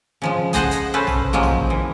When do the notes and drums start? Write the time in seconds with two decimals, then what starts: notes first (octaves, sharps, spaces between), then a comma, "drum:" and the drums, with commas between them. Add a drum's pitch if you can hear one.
0.22 C#3 F3 G#3
0.53 G#4 C5 D#5 F#5 A5, drum: kick B1, hi-hat
0.71 drum: hi-hat
0.94 C#4 A4 B4 C5 G#5
1.07 drum: tom A#1
1.33 F3 F#3 G#3 A#3
1.43 drum: tom A#1
1.70 E3